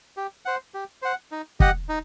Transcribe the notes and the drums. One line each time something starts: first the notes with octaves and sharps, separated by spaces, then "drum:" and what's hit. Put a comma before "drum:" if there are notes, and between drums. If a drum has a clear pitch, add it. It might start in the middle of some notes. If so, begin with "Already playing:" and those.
G4
C5 F#5
G4
C5 F#5
D#4
G4 D#5 F#5, drum: kick
D#4